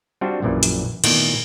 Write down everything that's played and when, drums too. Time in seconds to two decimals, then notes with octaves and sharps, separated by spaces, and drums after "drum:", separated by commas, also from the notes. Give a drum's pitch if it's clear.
0.21 G3 C4 D4 F4 F#4
0.42 A#1 F#2 A#2 E3
0.63 drum: hi-hat
1.04 A#2 D#3 E3 A3 B3, drum: cymbal